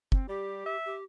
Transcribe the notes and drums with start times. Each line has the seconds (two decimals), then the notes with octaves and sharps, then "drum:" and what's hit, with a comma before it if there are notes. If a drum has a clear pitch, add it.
0.12 C4, drum: kick
0.29 G3 G4
0.66 E5
0.86 G4